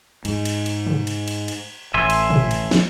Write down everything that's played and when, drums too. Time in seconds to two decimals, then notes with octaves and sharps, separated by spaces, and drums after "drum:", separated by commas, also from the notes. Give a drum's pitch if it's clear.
0.25 G#2, drum: cymbal
0.45 drum: cymbal
0.66 drum: cymbal
0.86 drum: tom
1.07 drum: cymbal
1.28 drum: cymbal
1.48 drum: cymbal
1.94 A1 E5 G#5 C6
2.10 drum: cymbal
2.30 drum: tom
2.51 drum: cymbal
2.71 drum: snare